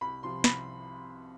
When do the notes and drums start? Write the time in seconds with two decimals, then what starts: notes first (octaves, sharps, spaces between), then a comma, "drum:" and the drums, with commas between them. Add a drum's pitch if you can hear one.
0.01 C2 B5
0.23 C3 F3 C6
0.44 C2 B5, drum: snare